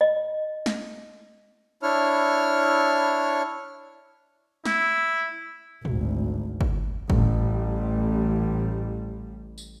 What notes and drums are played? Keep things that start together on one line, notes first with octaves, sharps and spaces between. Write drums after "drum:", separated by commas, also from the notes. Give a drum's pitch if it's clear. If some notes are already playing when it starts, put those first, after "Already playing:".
D#5
drum: snare
D4 E4 C#5 F6
E4, drum: snare
G#1 D2, drum: tom
drum: kick
A1 G3, drum: kick
drum: tambourine